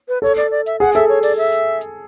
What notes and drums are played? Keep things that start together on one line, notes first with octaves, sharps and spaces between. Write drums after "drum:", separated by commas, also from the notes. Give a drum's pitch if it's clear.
B4
A4 C#5
D5, drum: hi-hat
D5
E5, drum: hi-hat
G#4 F#5
A4 E5, drum: hi-hat
C#5
D5, drum: open hi-hat
E5
drum: hi-hat
drum: hi-hat